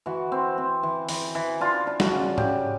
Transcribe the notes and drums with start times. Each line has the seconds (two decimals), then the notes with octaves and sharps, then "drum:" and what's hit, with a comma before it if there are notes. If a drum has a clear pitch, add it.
0.06 E3 F#4
0.32 C4
0.58 C4
0.83 E3
1.09 E3, drum: open hi-hat
1.35 E3
1.61 D4 F4
1.87 D4
2.00 F#4, drum: snare
2.12 C#3
2.38 C#3 G4, drum: tom G#2